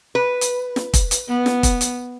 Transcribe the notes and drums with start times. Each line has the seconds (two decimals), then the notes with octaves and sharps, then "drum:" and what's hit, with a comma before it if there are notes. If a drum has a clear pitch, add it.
0.15 B4
0.41 drum: hi-hat
0.76 drum: snare
0.94 drum: kick, hi-hat
1.11 drum: hi-hat
1.28 B3
1.46 drum: snare
1.63 drum: kick, hi-hat
1.81 drum: hi-hat